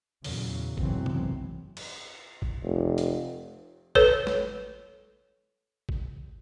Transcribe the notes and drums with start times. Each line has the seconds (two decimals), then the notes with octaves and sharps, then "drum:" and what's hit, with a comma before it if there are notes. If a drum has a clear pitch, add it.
0.24 E2 A#2 C#3 F#3, drum: open hi-hat
0.77 F#1 B1 G#2 E3 F#3 C4, drum: kick G#1
1.06 drum: tom
1.77 drum: cymbal
2.42 drum: kick G#1
2.64 F1
2.98 drum: hi-hat
3.95 A4 B4 C#5, drum: kick G#1
4.27 drum: snare
5.89 drum: kick G#1